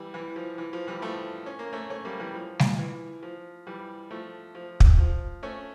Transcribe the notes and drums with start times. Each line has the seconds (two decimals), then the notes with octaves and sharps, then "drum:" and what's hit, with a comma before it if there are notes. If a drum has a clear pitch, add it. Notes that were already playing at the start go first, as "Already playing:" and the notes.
Already playing: E3 G3
0.14 E3
0.36 F3
0.58 E3
0.73 F3
0.87 E3 G3
1.02 F3 A3
1.46 C#4
1.59 A#3
1.73 A3 C#4
1.90 A3 C#4
2.05 G3 A#3
2.20 E3 G3
2.34 F3
2.59 drum: snare G3
2.79 E3
3.23 F3
3.67 E3 G3
4.11 F3 A3
4.55 F3
4.80 drum: kick
4.99 F3
5.43 A3 C#4